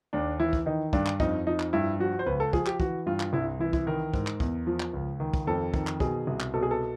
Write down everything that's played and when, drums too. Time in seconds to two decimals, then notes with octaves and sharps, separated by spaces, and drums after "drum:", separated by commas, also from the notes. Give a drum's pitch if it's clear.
0.13 D#2 D4
0.40 E3 E4
0.53 drum: kick
0.66 D#3 D#4
0.93 G2 D4, drum: kick
1.06 drum: clap
1.20 F2 D#4, drum: kick
1.47 F3 D#4
1.60 drum: clap
1.73 G2 E4
2.00 F3 F#4
2.19 C5
2.26 C#2 B4
2.40 A4
2.53 F3 G#4, drum: kick
2.66 G4, drum: clap
2.80 E3 F#4, drum: kick
3.06 G2 F4
3.20 drum: clap
3.33 C2 E4
3.59 E3 E4
3.73 E4, drum: kick
3.87 D#3 A#4
4.14 G#2, drum: kick
4.27 drum: clap
4.40 E2, drum: kick
4.67 F3
4.80 drum: clap
4.94 C#2
5.20 D#3
5.34 drum: kick
5.47 F2 A4
5.74 D#3, drum: kick
5.87 drum: clap
6.00 B2 G#4, drum: kick
6.27 C2
6.40 drum: clap
6.54 B2 A4
6.63 G#4
6.71 A4